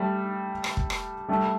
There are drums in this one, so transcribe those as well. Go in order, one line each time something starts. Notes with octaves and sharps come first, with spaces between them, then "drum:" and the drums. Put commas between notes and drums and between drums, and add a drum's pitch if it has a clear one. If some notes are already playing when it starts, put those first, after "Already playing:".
Already playing: G3 A3
drum: rim click
drum: kick
drum: rim click
G3 A3